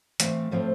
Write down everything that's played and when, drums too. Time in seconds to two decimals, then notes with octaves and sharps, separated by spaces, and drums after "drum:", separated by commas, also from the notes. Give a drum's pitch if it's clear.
0.20 A2 E3 A3 C4 F5, drum: hi-hat
0.51 A2 F3 A3 C4